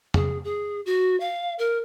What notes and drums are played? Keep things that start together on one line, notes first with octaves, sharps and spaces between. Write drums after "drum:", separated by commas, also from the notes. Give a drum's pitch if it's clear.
G#4, drum: tom
G#4
F#4
F5
A#4